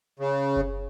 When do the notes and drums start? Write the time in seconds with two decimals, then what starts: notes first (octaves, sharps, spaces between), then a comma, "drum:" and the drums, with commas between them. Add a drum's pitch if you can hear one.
0.19 C#3
0.56 drum: kick F#1